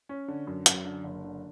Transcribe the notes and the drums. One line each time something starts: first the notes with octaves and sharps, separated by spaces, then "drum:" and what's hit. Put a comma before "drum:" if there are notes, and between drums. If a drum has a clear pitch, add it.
C#4
D3
F#2
F#2, drum: hi-hat
D3
F#1
D3